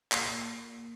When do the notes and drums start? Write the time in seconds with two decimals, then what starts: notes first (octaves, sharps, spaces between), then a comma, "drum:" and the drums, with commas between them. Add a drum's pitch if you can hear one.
0.12 A#2 C7, drum: clap